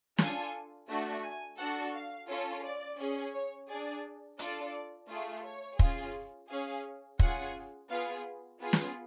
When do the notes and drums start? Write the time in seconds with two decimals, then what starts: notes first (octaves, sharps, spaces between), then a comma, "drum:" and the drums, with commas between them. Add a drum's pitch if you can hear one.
0.18 D4 F4 A4 G#5, drum: snare
0.89 A3 D4 F#4
1.24 G#5
1.58 D4 F#4 A4 F#5
1.94 F5
2.29 C#4 F4 A4
2.64 D5
2.99 C#4 G#4
3.34 C#5
3.69 D4 G#4 D5
4.39 D4 F4 A4 D5, drum: hi-hat
5.09 A3 F4 G#4
5.44 C#5
5.79 C#4 F4 G#4, drum: kick
6.49 C#4 G#4 F5
7.19 C#4 F4 G#4 F#5, drum: kick
7.90 B3 F4 G#4 F5
8.60 B3 F4 G#4
8.73 drum: snare